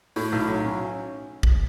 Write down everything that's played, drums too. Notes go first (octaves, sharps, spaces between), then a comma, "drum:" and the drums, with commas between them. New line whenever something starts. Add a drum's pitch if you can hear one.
A2, drum: open hi-hat
B1
F#3
C#4
drum: kick